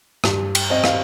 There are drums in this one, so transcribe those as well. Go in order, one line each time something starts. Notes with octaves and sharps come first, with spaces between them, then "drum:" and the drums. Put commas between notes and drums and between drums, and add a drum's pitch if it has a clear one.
G2, drum: rim click
drum: cymbal
C4 D#5
F5, drum: rim click